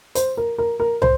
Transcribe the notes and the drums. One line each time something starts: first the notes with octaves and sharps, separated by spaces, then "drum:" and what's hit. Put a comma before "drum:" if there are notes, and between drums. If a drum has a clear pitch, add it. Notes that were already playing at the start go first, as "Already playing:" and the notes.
C5, drum: hi-hat
A#4
A#4
A#4
C5, drum: tom